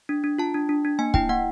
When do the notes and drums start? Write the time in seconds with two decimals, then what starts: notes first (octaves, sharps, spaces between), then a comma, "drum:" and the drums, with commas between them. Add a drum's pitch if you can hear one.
0.09 D4
0.24 D4
0.38 F4 A5
0.54 D4
0.69 D4
0.85 D4
0.99 A#3 G#5
1.14 E4 G5, drum: kick
1.29 A#3 F#5